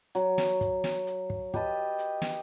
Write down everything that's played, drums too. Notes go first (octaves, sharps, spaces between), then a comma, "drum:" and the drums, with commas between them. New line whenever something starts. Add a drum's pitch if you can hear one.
F#3, drum: hi-hat
drum: snare
drum: kick, hi-hat
drum: snare
drum: hi-hat
drum: kick
G4 B4 D#5 A5, drum: kick
drum: hi-hat
drum: snare